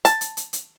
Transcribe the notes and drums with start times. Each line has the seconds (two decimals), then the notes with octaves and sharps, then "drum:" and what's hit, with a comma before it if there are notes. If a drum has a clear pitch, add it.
0.05 A5, drum: hi-hat
0.21 drum: hi-hat
0.37 drum: hi-hat
0.53 drum: hi-hat